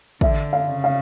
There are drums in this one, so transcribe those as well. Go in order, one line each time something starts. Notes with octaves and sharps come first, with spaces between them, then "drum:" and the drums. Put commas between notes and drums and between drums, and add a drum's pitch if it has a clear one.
D3 E5, drum: kick
F5
C#3
F5